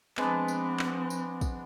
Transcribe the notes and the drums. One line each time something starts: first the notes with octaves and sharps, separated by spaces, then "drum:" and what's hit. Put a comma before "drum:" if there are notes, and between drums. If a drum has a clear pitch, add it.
F3 G#3 B3 C4 D4, drum: clap
drum: tambourine
drum: clap
drum: tambourine
drum: kick, tambourine